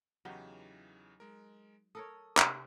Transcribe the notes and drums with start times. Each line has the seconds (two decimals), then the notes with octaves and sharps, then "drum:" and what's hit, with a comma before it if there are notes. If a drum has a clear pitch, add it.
0.25 E2 C#3 E3 F#3 D#4 G4
1.20 G#3 A#4
1.95 A4 A#4 C#5 D#6
2.37 C3, drum: clap